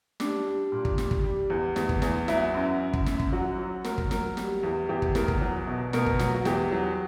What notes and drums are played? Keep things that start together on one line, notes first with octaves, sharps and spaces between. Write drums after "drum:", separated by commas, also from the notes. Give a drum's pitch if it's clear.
G3 D4, drum: snare
G3
A#2
drum: kick
G3, drum: snare
drum: kick
G3
E2
E2, drum: snare
drum: kick
E2, drum: snare
F#3 E4, drum: snare
F#2
F#2
drum: kick
F#2, drum: snare
drum: kick
F#3 F#4
F#3
F#3 A#4, drum: snare
drum: kick
F#3 A#4, drum: snare
G3, drum: snare
E2
E2 G4
drum: kick
E2 A#4, drum: snare
drum: kick
F#3
B2
B2 A#4, drum: snare
drum: kick
F#3, drum: snare
F#4
E2 G4, drum: snare
F#3